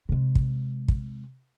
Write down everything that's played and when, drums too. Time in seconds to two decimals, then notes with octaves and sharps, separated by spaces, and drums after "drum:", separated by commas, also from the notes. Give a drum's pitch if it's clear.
0.09 C3 G#3
0.35 drum: kick
0.88 drum: kick